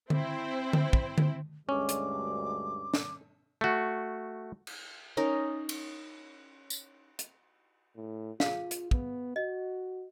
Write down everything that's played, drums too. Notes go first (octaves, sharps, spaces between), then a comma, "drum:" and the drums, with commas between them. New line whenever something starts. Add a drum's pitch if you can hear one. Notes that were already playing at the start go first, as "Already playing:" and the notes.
C4 E4 C5, drum: tom D3
drum: tom D3
drum: kick
drum: tom D3
D2 G2 G#3 C#4 D6
drum: hi-hat
drum: snare
A3 F#4
drum: cymbal
C#4 D#4 A#4
drum: cymbal
drum: tambourine
drum: hi-hat
A2
F4 G#4 F5, drum: snare
drum: hi-hat
B3, drum: kick
F#4 D#5